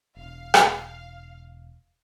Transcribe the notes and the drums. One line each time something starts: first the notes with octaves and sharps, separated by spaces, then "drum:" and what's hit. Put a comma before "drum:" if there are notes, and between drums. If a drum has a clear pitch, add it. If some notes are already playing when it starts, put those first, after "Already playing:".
E1 F5
drum: rim click